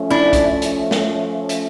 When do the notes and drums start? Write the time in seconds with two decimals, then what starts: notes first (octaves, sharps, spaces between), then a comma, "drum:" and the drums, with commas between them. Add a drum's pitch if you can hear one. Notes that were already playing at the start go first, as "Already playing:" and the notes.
Already playing: F3 A3 C#4
0.10 D4 E4
0.33 drum: kick, hi-hat
0.62 drum: hi-hat
0.91 drum: snare
1.49 drum: hi-hat